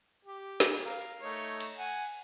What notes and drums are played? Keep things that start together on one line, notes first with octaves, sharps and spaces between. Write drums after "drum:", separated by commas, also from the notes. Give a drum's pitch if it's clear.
G4
drum: snare
A#4 F5
A3 D#4 C#5
drum: cymbal
F#5 G#5